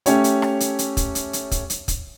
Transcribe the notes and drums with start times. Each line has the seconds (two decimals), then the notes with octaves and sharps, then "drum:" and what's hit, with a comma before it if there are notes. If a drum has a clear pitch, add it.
0.06 A3 C#4 G4 C#5, drum: hi-hat
0.24 drum: hi-hat
0.42 drum: rim click
0.60 drum: hi-hat
0.79 drum: hi-hat
0.97 drum: kick, hi-hat
1.15 drum: hi-hat
1.33 drum: hi-hat
1.51 drum: kick, hi-hat
1.70 drum: hi-hat
1.88 drum: kick, hi-hat